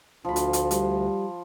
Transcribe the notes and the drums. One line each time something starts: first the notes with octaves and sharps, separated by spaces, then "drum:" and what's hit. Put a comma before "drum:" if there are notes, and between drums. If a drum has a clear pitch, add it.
D2 F3 B5
drum: hi-hat
drum: hi-hat
G3, drum: hi-hat